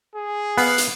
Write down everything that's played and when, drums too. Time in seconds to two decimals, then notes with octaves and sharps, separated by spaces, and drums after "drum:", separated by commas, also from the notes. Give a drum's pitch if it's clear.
0.15 G#4
0.58 B3 F5 F#6, drum: open hi-hat
0.78 drum: hi-hat